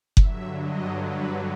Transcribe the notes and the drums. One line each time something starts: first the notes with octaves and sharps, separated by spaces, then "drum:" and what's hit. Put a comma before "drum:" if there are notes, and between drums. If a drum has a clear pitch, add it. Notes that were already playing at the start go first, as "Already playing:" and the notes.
G2 D3 F#3 E5, drum: kick F#1
D#5
B4